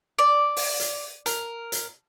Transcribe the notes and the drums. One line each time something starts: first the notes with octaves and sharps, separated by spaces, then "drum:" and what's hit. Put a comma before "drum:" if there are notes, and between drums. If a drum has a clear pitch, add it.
D5
drum: open hi-hat
drum: hi-hat
A#4, drum: hi-hat
drum: hi-hat